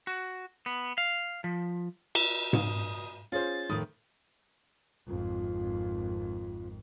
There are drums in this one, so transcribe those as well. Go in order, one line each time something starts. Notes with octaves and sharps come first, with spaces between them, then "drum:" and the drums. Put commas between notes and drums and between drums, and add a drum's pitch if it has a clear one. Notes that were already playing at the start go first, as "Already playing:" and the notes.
F#4
B3
F5
F3
drum: cymbal
D#6, drum: tom G#2
C#4 F4 G#4 C5 A6
F2 A2 D#3 D#6
G#1 F2 F4